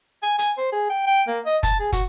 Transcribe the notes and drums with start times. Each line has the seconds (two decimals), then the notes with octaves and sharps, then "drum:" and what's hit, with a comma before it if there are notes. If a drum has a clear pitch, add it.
0.23 G#5
0.39 G#5, drum: hi-hat
0.58 C5
0.72 G#4
0.90 G5
1.07 G5
1.28 A#3
1.46 D#5
1.63 A5, drum: kick, hi-hat
1.80 G#4
1.93 F#4, drum: kick, hi-hat